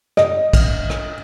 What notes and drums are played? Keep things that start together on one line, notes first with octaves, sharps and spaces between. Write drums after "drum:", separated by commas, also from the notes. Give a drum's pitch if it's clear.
D#5, drum: rim click
drum: kick, cymbal
drum: rim click